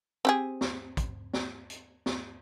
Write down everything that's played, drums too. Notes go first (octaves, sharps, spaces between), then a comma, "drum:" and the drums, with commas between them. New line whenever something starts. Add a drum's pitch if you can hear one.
C4 G4 G#4
drum: snare
drum: kick, hi-hat
drum: snare
drum: hi-hat
drum: snare